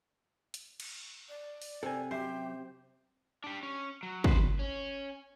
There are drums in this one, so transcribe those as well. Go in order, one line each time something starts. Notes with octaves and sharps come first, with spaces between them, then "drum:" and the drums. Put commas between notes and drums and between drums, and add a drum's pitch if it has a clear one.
drum: hi-hat
drum: cymbal
D5
drum: open hi-hat
C3 A4 G#5
F#2 G4 C5 E5 C6
D4 G4
C#4
F#3
B4 C5, drum: kick
C#4